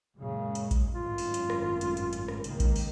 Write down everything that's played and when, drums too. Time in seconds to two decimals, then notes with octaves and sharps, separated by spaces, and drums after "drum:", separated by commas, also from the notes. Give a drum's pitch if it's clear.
0.17 F#2 A#2 C#3 G#3
0.55 drum: hi-hat
0.71 drum: kick A1, hi-hat
0.95 G#1 F#2 A2 F4
1.18 drum: open hi-hat
1.34 drum: hi-hat
1.50 drum: rim click
1.81 drum: hi-hat
1.97 drum: hi-hat
2.13 drum: hi-hat
2.28 drum: rim click
2.44 C#2 D#3 A#3, drum: hi-hat
2.60 drum: kick A1, hi-hat
2.76 drum: open hi-hat